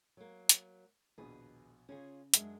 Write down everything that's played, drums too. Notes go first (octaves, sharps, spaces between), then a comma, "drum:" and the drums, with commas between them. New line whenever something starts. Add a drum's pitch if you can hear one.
F#3 A#3
drum: hi-hat
A#1 D#2 B2 G#4 B4
C#3 C#4 F4 G#4
F#2 G#3 D4 E5, drum: hi-hat